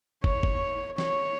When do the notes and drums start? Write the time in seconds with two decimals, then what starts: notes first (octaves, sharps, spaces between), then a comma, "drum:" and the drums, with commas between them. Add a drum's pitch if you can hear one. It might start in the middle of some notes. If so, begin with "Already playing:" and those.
0.24 C#5, drum: kick
0.43 drum: kick
0.98 C#5, drum: snare